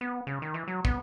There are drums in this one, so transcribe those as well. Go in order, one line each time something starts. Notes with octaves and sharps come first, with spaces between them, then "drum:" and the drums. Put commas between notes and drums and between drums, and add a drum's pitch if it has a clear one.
B3
C#3
D#3
E3
F#3
B3, drum: kick